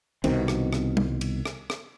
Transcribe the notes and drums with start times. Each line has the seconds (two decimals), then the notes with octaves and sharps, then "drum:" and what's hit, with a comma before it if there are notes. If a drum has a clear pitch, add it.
0.24 C2 B2 D#3 C4, drum: cymbal
0.48 drum: rim click
0.73 drum: rim click
0.97 drum: tom
1.21 drum: cymbal
1.46 drum: rim click
1.70 drum: rim click